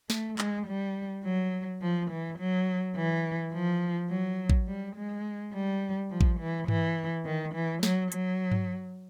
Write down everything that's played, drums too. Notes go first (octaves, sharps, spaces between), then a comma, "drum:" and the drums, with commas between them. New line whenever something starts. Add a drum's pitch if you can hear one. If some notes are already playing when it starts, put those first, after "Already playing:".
A3, drum: snare
G#3, drum: clap
G3
F#3
F3
E3
F#3
E3
F3
F#3
drum: kick
G3
G#3
G3
F3
drum: kick
E3
E3, drum: tom G2
D#3
E3
F#3, drum: snare
F#3, drum: hi-hat
drum: tom G2